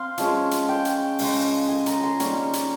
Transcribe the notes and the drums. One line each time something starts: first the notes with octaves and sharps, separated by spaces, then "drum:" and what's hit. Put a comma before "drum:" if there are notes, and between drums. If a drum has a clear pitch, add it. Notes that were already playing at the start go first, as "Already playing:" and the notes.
Already playing: C4 F5 C6
F3 G#3 C#4, drum: hi-hat
drum: hi-hat
G5
drum: hi-hat
C#3 G#3 C#4, drum: open hi-hat
G#5
A#5, drum: hi-hat
C6
D#3 G3 A#3 C#4 C#6, drum: hi-hat
drum: hi-hat